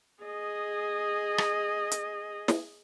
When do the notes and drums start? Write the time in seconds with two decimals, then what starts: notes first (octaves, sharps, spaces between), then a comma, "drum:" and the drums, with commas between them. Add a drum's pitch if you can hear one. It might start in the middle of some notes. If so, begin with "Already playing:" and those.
0.23 G#4 D#5
1.38 drum: rim click
1.92 drum: hi-hat
2.48 drum: snare